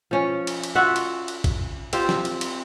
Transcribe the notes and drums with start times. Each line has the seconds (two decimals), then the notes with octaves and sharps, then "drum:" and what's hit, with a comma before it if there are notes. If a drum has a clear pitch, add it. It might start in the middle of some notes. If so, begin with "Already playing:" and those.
0.11 F3 C#4
0.47 drum: cymbal
0.63 drum: cymbal
0.75 F4 F#4 E5 F#5
0.96 drum: cymbal
1.28 drum: cymbal
1.44 drum: kick A#1, cymbal
1.93 C4 F4 G4, drum: cymbal
2.09 drum: snare
2.25 drum: cymbal
2.41 drum: cymbal